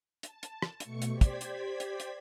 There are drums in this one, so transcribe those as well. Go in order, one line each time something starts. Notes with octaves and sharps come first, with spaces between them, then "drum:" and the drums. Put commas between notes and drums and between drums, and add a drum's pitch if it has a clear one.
A5, drum: hi-hat
drum: hi-hat
drum: rim click
B2 A3 C#6 C#7, drum: hi-hat
drum: hi-hat
G4 C5 D5 G#6 B6
drum: kick, hi-hat
drum: hi-hat
drum: hi-hat
drum: hi-hat